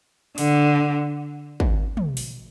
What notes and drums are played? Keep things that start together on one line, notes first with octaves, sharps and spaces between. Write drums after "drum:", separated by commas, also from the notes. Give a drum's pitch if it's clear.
D3, drum: open hi-hat
drum: kick G#1
drum: tom
drum: open hi-hat